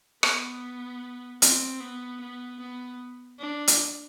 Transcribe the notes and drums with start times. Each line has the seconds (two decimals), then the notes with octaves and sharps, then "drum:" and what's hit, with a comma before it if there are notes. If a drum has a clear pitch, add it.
0.23 B3, drum: rim click
1.42 C4, drum: hi-hat
1.80 B3
2.21 B3
2.60 B3
3.39 D4
3.68 drum: hi-hat